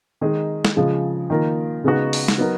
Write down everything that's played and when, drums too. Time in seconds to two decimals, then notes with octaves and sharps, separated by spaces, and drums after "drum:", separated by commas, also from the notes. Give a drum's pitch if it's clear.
0.21 D#3 G#3 D#4 G#4
0.65 drum: snare
0.76 C#3 F3 G#3
1.30 D#3 A#3 F4 A#4
1.84 C#3 G#3 B3 D#4 F#4
2.13 drum: open hi-hat
2.28 drum: snare
2.38 F#3 B3 D#4 F#4 A#4